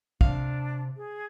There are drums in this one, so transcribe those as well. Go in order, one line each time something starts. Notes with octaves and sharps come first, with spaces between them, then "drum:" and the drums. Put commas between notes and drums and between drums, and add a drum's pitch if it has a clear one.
C3 D4 F5, drum: kick
G#4